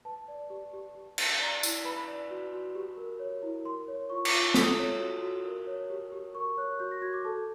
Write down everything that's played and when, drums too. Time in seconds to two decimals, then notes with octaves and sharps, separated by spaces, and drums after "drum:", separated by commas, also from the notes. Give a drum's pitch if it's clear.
0.05 B4 A5
0.28 D5
0.50 G4
0.73 G4
0.95 G4
1.18 B4, drum: cymbal
1.40 D5 A#5
1.63 E4, drum: tambourine
1.85 B4 B5
2.08 D5
2.31 F#4
2.53 F#4
2.75 G4
2.97 A#4
3.19 C#5
3.43 E4
3.65 A#4 C6
3.88 C#5
4.10 F4 C#6
4.25 D6, drum: cymbal
4.33 F4
4.54 A4 D#6, drum: snare
4.78 C#5
4.99 F#4
5.23 F#4
5.45 A#4
5.67 C#5
5.90 G4
6.12 G4
6.35 A#4 C#6
6.57 C#5 F#6
6.79 F#4 G6
6.91 A#6
7.02 F#4 G#6
7.13 D6
7.25 A4 A5